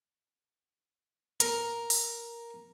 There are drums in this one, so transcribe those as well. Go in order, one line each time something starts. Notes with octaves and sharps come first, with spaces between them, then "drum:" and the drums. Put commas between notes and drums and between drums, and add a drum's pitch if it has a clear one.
A#4, drum: hi-hat
drum: open hi-hat